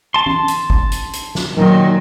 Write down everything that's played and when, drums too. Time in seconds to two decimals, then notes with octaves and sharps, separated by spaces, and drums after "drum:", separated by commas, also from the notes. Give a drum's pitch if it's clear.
0.14 A5 C6
0.26 drum: tom
0.48 drum: hi-hat
0.70 drum: kick
0.92 drum: hi-hat
1.13 drum: hi-hat
1.35 drum: snare
1.57 A#2 D#3 F#3, drum: tom F#3